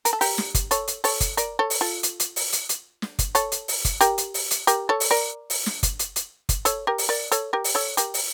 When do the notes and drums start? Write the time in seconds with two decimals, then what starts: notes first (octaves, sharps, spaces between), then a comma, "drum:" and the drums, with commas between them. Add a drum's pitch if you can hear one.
0.05 A#4, drum: hi-hat
0.13 A4
0.21 G4 A#4, drum: open hi-hat
0.38 drum: snare
0.54 drum: kick, hi-hat
0.71 A4 C#5, drum: hi-hat
0.88 drum: hi-hat
1.04 A4 C#5, drum: open hi-hat
1.21 drum: kick, hi-hat
1.37 A#4 D5, drum: hi-hat
1.59 A4 C#5
1.70 drum: open hi-hat
1.81 F4 A4
2.03 drum: hi-hat
2.20 drum: hi-hat
2.36 drum: open hi-hat
2.53 drum: hi-hat
2.69 drum: hi-hat
3.02 drum: snare
3.19 drum: kick, hi-hat
3.35 A4 C#5, drum: hi-hat
3.52 drum: hi-hat
3.68 drum: open hi-hat
3.85 drum: kick, hi-hat
4.01 G4 A#4, drum: hi-hat
4.18 drum: hi-hat
4.34 drum: open hi-hat
4.51 drum: hi-hat
4.67 G4 A#4, drum: hi-hat
4.89 A4 C#5
5.00 drum: open hi-hat
5.11 A#4 D5
5.50 drum: open hi-hat
5.66 drum: snare
5.83 drum: kick, hi-hat
5.99 drum: hi-hat
6.16 drum: hi-hat
6.49 drum: kick, hi-hat
6.65 A4 C#5, drum: hi-hat
6.87 G4 A#4
6.98 drum: open hi-hat
7.09 A#4 D5
7.32 A4 C#5, drum: hi-hat
7.53 G4 A#4
7.64 drum: open hi-hat
7.75 A4 C#5
7.97 G4 A#4, drum: hi-hat
8.14 drum: open hi-hat